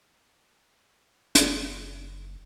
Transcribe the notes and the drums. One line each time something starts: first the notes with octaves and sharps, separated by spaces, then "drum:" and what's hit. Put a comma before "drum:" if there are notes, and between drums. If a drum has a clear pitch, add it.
F#1, drum: hi-hat